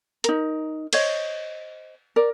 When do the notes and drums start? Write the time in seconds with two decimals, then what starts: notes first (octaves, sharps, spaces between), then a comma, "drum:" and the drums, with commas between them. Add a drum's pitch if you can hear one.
0.24 D#4 A#4, drum: hi-hat
0.93 C5 C#5 D#5, drum: cymbal
2.16 A#4 D5